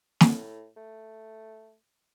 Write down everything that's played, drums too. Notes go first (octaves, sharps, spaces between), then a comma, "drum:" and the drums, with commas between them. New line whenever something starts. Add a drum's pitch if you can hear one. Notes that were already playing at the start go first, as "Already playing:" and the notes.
A2, drum: snare
A3